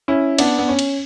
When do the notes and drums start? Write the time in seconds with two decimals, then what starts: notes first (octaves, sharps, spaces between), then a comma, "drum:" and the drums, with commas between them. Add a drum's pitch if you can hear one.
0.08 C#4 E4
0.38 B3 D4, drum: cymbal
0.59 B3
0.68 C#4
0.79 drum: cymbal